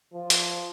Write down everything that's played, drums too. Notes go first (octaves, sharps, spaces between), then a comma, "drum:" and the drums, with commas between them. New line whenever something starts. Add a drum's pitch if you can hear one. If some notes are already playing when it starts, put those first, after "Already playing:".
F3
drum: hi-hat